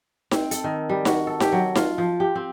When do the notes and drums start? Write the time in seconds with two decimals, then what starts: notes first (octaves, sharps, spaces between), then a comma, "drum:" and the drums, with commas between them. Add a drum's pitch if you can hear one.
0.31 C4, drum: snare D#4
0.51 A4, drum: hi-hat
0.64 D#3
0.89 G3
1.05 F#4, drum: snare D#4
1.27 A4
1.40 G4, drum: snare D#4
1.52 F#3
1.75 F4, drum: snare D#4
1.98 F3
2.20 G4
2.35 C4